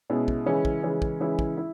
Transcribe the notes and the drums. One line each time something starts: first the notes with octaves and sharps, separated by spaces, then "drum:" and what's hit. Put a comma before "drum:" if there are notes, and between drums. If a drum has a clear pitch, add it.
B2 G#3 C#4 E4
drum: kick
C#3 E3 G#3 C#4 E4
drum: kick
C#3 E3 G#3 C#4 E4
drum: kick
C#3 E3 G#3 C#4 E4
drum: kick
E4